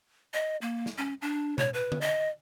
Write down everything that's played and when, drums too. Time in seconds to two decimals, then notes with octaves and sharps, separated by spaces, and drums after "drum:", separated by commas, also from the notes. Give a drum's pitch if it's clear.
0.34 D#5
0.61 A#3
0.86 drum: snare
0.97 C#4
1.22 D4
1.58 C#5, drum: tom B2
1.74 B4
1.92 drum: tom
2.01 D#5